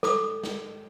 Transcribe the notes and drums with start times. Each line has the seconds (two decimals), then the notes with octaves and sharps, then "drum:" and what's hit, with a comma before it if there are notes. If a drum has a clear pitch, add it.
0.03 A4 D6 D#6, drum: snare
0.44 drum: snare